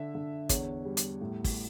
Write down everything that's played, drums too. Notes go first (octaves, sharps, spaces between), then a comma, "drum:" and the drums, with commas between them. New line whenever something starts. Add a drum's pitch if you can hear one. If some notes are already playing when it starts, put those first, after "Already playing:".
Already playing: D3 E5
D3
E2 C#5, drum: kick, hi-hat
G3
drum: hi-hat
A2
drum: kick, open hi-hat